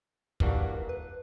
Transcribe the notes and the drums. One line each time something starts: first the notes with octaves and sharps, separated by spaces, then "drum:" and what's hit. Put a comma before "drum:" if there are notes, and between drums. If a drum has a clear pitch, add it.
G2 E3 A#3 D4 F#4, drum: kick
B4